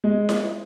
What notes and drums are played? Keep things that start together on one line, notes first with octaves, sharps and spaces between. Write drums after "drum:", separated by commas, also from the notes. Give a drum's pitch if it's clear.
G#3
drum: snare E4